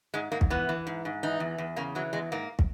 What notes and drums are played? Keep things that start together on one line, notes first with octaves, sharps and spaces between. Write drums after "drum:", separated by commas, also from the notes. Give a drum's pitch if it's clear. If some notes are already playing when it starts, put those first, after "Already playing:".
G#2 G#3
G#2 A#3
drum: kick
E3 B3
E3
G#2
G#2
E3 D#4
E2
E2
C#3 A#3
E3 F#3
E2 G#3
G#2 A#3
drum: kick